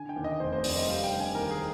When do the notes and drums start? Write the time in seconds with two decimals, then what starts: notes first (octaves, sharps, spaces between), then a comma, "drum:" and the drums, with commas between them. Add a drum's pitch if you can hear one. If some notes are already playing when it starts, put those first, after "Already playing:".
Already playing: D3 G#5
0.09 G5
0.16 D#2
0.24 D#5
0.40 F1 C5
0.53 C5
0.64 F1 D5, drum: open hi-hat
0.77 D#5
0.88 G3 F5
1.04 G5
1.12 D3
1.20 G#5
1.35 D#2 A#4
1.51 G#4